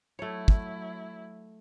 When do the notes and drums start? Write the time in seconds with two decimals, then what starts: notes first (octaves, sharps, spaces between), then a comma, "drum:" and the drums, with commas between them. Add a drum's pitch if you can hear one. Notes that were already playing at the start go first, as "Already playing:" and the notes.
0.19 F#3 A3 E4 C#5
0.48 drum: kick